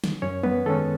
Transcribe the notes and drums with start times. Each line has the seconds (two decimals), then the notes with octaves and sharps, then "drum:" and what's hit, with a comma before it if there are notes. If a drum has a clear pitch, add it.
0.04 drum: snare
0.22 F#2 C#4 C#5
0.43 B3 B4, drum: tom E3
0.66 D#3 G#3 C#4 A4